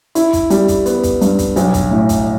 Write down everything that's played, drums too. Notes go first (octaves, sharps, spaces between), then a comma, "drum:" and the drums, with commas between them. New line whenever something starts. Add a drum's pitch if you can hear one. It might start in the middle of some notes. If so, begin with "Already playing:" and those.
E4, drum: hi-hat
drum: kick, hi-hat
G3, drum: hi-hat
drum: kick, hi-hat
B3, drum: hi-hat
drum: kick, hi-hat
G2, drum: hi-hat
drum: kick, hi-hat
B1, drum: hi-hat
drum: kick, hi-hat
A2
drum: kick, hi-hat